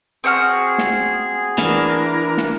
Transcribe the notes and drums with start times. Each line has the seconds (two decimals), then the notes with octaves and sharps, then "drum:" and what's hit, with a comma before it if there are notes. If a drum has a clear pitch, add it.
0.24 C4 F#4 G#4 F6
0.78 drum: snare
1.58 E3 D4 A#4, drum: snare
2.38 drum: snare